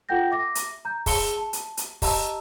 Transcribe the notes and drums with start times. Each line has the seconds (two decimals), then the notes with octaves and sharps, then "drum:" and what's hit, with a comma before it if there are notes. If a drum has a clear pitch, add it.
0.09 F4 A4 F#5 G5 G6 A#6
0.31 E5 D6 A#6
0.55 drum: hi-hat
0.85 A#5 G6
1.06 G#4 A5 C6 E6 C#7 G7, drum: kick, open hi-hat
1.37 A5
1.53 drum: hi-hat
1.77 drum: hi-hat
2.02 G4 D#5 A5 A#5 C6 E6, drum: kick, open hi-hat